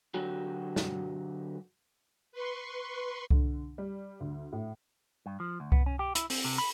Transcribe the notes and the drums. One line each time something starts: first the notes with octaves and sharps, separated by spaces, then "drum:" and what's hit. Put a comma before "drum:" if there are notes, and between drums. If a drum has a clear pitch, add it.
D3 F#3 F#4 G4
drum: snare
B4 C6 C#6
D3, drum: kick C2
G3
D2
A2
G2
F3
D2
B3, drum: kick C2
C#4
G4
E4, drum: hi-hat
C4, drum: open hi-hat
C3
B5